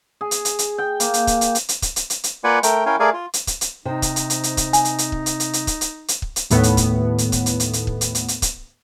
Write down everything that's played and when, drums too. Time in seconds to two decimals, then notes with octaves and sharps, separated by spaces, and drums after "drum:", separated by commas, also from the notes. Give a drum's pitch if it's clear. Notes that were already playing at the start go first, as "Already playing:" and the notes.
0.21 G#4
0.31 drum: hi-hat
0.45 drum: hi-hat
0.59 drum: hi-hat
0.78 G5
1.00 A#3, drum: hi-hat
1.14 drum: hi-hat
1.27 drum: kick, hi-hat
1.41 drum: hi-hat
1.55 drum: hi-hat
1.69 drum: hi-hat
1.82 drum: kick, hi-hat
1.96 drum: hi-hat
2.10 drum: hi-hat
2.24 drum: hi-hat
2.44 A#3 F4 B4 D5 F#5 G#5
2.63 A3 A#4 G5, drum: hi-hat
2.86 C#4 E4 A#4 F5 G5 G#5
3.00 A3 G#4 A#4 D5 F5 G#5
3.14 F4
3.33 drum: hi-hat
3.47 drum: kick, hi-hat
3.61 drum: hi-hat
3.85 C3 D#4 C5 G5
4.02 drum: kick, hi-hat
4.16 drum: hi-hat
4.30 drum: hi-hat
4.43 drum: hi-hat
4.57 drum: kick, hi-hat
4.73 G#5, drum: hi-hat
4.85 drum: hi-hat
4.98 drum: hi-hat
5.12 drum: kick
5.26 drum: hi-hat
5.40 drum: hi-hat
5.53 drum: hi-hat
5.67 drum: kick, hi-hat
5.81 drum: hi-hat
6.08 drum: hi-hat
6.22 drum: kick
6.36 drum: hi-hat
6.50 D#2 A2 B3, drum: hi-hat
6.63 drum: hi-hat
6.77 drum: kick, hi-hat
7.18 drum: hi-hat
7.32 drum: kick, hi-hat
7.46 drum: hi-hat
7.60 drum: hi-hat
7.73 drum: hi-hat
7.87 drum: kick
8.01 drum: hi-hat
8.15 drum: hi-hat
8.28 drum: hi-hat
8.42 drum: kick, hi-hat